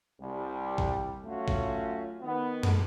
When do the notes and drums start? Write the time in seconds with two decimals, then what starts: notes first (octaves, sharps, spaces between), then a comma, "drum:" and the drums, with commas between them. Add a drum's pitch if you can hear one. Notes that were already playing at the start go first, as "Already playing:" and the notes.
0.21 C2 G3
0.78 drum: kick
1.24 F#3 A3 C#4 F4 F#4
1.48 drum: kick
2.22 D#3 B3
2.63 drum: tom F#2